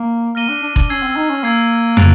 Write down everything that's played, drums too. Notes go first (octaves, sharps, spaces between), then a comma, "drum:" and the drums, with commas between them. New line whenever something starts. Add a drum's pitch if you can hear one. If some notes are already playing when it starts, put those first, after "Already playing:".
Already playing: A#3
A#3 F6 A#6 D#7 G7
D4
D4
D4, drum: kick F1
C#4 E6 G#6 C7
C4
D#4
C#4
A#3 E6 G#6 C7
F#6 A6 D7 F7, drum: tom